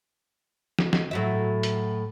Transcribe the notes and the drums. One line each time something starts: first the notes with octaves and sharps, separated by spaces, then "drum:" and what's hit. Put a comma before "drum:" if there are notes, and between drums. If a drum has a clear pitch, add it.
drum: snare
drum: snare
A2 F#3 E5
drum: hi-hat